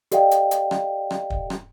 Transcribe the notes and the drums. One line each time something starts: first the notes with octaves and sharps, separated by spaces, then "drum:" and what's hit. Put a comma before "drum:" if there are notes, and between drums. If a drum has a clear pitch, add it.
G4 A4 D5 D#5 F5 G5, drum: hi-hat
drum: hi-hat
drum: hi-hat
drum: rim click
drum: rim click
drum: kick
drum: rim click